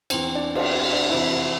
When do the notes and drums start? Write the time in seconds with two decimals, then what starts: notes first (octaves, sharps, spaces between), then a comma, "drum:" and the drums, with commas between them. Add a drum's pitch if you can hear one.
0.10 E2 E3 C4, drum: cymbal
0.35 D4
0.55 C4, drum: cymbal
0.60 D4
0.93 D4
1.10 F2 C3 E3 E4